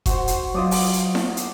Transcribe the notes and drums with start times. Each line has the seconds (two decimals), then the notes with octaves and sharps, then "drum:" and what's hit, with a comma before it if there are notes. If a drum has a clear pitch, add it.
0.06 F#4 C5, drum: kick F1, hi-hat
0.27 drum: hi-hat
0.54 F#3 F4 D5 D#5 D#6
0.71 drum: open hi-hat
0.93 drum: hi-hat
1.15 drum: snare E4
1.37 drum: hi-hat